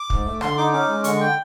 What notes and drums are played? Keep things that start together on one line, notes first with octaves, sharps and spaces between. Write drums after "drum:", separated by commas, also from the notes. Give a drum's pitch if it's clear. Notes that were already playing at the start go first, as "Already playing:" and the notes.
Already playing: D6
G#2, drum: kick
A3
D3 C6, drum: rim click
D#4 D6
C#4 D6
G#3
D3 C#6, drum: hi-hat
G5